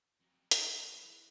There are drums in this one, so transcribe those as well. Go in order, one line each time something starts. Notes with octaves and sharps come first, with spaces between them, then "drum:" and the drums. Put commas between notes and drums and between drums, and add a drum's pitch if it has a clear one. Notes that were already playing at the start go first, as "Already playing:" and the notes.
F2 F#3
C#5 F#5, drum: hi-hat
E4 G#4 B4 C5